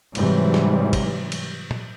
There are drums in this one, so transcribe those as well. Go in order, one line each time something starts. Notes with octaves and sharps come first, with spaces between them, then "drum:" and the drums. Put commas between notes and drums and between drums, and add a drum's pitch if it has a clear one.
G#2 C3 E3 F#3 G3, drum: cymbal
drum: snare
drum: kick, cymbal
drum: cymbal
drum: tom A#2